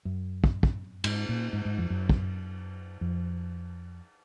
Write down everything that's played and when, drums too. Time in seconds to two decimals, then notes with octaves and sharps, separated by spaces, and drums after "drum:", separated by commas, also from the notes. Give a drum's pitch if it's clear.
0.05 F#2
0.44 drum: kick
0.63 drum: kick
1.04 G#2, drum: cymbal
1.29 A#2
1.53 G#2
1.65 G#2
1.78 F2
1.90 F#2
2.09 drum: kick
3.01 F2